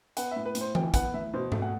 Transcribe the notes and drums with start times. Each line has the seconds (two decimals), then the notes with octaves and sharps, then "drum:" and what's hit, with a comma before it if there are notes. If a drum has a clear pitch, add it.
0.17 B3 F#5, drum: hi-hat
0.31 A2 E5
0.45 B4
0.55 A2, drum: hi-hat
0.61 C5
0.75 E3 G5, drum: tom E3
0.94 B3 F#5, drum: kick, hi-hat
1.14 A2 E5
1.34 B2 C5
1.52 A3, drum: tom G#2
1.62 F#5